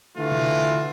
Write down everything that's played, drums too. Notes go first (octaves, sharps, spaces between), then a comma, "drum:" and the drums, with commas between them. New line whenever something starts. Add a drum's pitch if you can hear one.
D3 E3 A3 F4 F#4
drum: tom B2